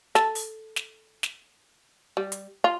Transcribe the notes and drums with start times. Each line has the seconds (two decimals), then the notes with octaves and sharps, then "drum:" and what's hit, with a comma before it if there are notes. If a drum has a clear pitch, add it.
0.15 A4, drum: snare
0.35 drum: open hi-hat
0.76 drum: snare
1.23 drum: snare
2.17 G3
2.32 drum: hi-hat
2.64 F4